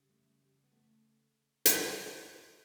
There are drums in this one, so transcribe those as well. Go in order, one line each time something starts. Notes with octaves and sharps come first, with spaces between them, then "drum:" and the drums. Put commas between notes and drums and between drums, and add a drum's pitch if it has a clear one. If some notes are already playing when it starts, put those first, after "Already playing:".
Already playing: C#3 G3
A3
G3
B3
A3
drum: hi-hat